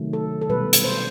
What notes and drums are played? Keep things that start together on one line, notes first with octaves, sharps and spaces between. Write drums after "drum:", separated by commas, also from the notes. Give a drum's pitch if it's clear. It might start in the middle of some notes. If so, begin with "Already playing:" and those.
Already playing: C3 D#3 F#3 A3
A4
A4
B2 G3 B4
drum: hi-hat
C5